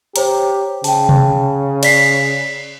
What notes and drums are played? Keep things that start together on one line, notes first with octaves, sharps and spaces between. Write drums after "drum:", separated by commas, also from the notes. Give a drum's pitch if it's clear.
G4 C5 C#5 A#5, drum: hi-hat
C#3 G5 A5, drum: open hi-hat
drum: tom C3
D5 B6 C7, drum: cymbal